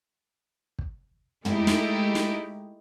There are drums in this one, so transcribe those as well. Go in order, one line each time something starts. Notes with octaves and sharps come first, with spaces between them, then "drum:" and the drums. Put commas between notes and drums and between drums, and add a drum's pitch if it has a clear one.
drum: kick
G#3 A3 D#4 E4 G4, drum: tom
drum: snare
drum: snare